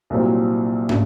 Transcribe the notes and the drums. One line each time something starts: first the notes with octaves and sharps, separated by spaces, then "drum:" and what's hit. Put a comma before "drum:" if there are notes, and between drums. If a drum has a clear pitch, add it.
C2 A#2 F#3 C4
C#3 A3, drum: tom